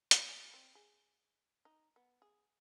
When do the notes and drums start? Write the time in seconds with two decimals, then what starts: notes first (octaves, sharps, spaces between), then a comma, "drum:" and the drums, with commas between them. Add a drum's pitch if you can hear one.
0.11 G3, drum: hi-hat
0.29 G#5
0.54 C4
0.75 G#4
1.65 D#4
1.96 B3
2.22 G#4